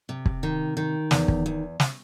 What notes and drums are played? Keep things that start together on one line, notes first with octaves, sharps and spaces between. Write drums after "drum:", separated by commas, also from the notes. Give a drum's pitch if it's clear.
C3
drum: kick
D#3
D#3
E2, drum: snare
drum: kick
E2
drum: snare